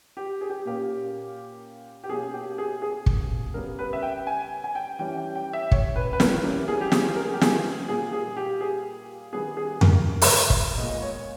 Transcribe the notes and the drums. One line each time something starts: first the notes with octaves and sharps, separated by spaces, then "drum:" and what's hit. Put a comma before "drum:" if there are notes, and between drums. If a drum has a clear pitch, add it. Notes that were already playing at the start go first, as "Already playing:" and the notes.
G4
G#4
G4
A#2 A#3 C#4 G4
G4
B2 A#3 C#4 G#4
G4
G#4
G#4
drum: kick
C#3 G3 B3 A#4
B4
E5
G5
G#5
G#5
G5
E3 G3 C#4 G5
G5
G5
E5
C#5, drum: kick
B4
B4
A#4, drum: snare
E3 G3 A#3 C#4
G#4
G4
G#4, drum: snare
A#4
G#4
G4
G#4, drum: snare
A#2 G3 A#3 G#4
G#4
G4
G#4
D#3 G3 B3 G#4
G#4
A#4, drum: tom F2
drum: open hi-hat
drum: kick
A#2 G#3 B3 D#5
C#5